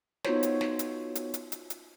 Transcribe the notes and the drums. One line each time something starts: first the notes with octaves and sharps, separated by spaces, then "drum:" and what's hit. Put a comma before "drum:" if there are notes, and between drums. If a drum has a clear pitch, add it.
B3 D#4 F4 F#4 C5 C#5, drum: snare
drum: hi-hat
drum: snare
drum: hi-hat
drum: hi-hat
drum: hi-hat
drum: hi-hat
drum: hi-hat